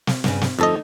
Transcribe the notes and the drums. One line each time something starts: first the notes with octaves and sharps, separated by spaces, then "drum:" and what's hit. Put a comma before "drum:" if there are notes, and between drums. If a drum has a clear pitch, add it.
drum: snare
G2 C#3, drum: snare
drum: snare
F2 D3 A3 D#4 A4 D#5